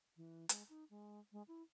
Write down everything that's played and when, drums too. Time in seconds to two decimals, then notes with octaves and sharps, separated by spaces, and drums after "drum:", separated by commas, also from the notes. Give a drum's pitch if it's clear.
0.17 E3
0.49 G#3, drum: hi-hat
0.69 D#4
0.90 G#3
1.32 G#3
1.48 E4